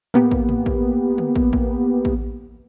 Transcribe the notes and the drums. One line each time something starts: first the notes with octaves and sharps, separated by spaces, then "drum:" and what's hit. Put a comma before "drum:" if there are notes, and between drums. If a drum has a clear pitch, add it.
A#3 B3 G4, drum: tom
drum: kick
drum: tom
drum: kick
drum: tom
drum: kick
drum: kick
drum: kick